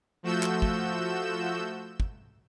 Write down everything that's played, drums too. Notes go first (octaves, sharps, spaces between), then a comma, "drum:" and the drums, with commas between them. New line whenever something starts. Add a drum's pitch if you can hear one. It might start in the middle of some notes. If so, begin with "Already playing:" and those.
F3 A3 F#4 E6 G6 E7
drum: clap
drum: kick
drum: kick